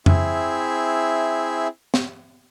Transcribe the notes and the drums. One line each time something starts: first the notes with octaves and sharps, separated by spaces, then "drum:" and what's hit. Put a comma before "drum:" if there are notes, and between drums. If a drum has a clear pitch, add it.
C4 E4 G#4 E5, drum: tom F2
drum: snare